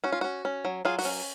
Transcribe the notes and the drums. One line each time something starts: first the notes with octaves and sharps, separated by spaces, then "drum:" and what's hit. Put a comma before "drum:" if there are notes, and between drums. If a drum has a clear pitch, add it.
C#4 F#4
F4
C#4 F#4
C#4
F#3
F#3 F4 G#4
F#4, drum: open hi-hat
C#4